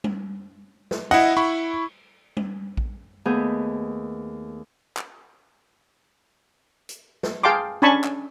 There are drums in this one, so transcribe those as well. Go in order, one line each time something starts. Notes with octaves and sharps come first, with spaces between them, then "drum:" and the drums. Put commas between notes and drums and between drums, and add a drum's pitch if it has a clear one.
drum: tom G3
drum: snare
E4 D#5 F#5, drum: cymbal
E4 B5 C#6
drum: tom G3
drum: kick A#1
D#2 A3 B3 G#4 G6
drum: clap
drum: hi-hat
drum: snare
G#4 F5 G5 A5 C6 D6
C#4 D4 G#5 A5 B5 C#6
drum: clap